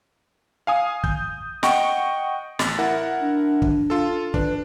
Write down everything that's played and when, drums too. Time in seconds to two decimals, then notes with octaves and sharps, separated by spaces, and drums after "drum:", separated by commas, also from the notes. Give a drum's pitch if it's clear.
0.67 F5 G#5 D#6
1.04 G6, drum: kick
1.63 D#5 F#5 G5 C#6, drum: snare
2.59 A1 A6, drum: snare
2.79 E4 A#4 F#5
3.21 D4
3.62 drum: kick
3.90 F4 A4
4.34 D4 B4, drum: kick